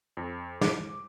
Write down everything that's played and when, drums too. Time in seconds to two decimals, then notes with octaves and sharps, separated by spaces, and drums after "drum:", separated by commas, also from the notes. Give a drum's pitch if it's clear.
0.17 F2
0.61 D6, drum: snare